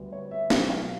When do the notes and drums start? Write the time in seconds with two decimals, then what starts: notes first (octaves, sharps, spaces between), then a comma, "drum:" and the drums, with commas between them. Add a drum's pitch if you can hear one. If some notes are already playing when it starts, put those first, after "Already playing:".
Already playing: D2 D3 G3 B3
0.12 C#5
0.31 E5
0.50 B1 B2 G#3 F5, drum: snare
0.70 F5